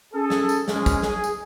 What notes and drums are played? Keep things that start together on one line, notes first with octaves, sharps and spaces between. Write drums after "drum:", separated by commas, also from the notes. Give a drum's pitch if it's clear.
C#4 G#4 A4
drum: snare
drum: tambourine
A#1 G#3 C#4 G#4, drum: snare
drum: kick, tambourine
G#4, drum: snare
drum: tambourine